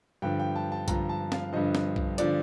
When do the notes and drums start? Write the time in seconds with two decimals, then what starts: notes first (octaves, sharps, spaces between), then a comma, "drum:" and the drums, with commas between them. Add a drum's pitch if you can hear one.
0.22 G2 D3 F3 G5
0.40 G5
0.56 A5
0.72 A5
0.88 G2 D3 F3 A#5, drum: kick, hi-hat
1.09 A5
1.32 F5, drum: snare
1.53 G2 D3 F3 D#5
1.75 drum: snare
1.96 drum: kick
2.18 D3 F3 D5, drum: hi-hat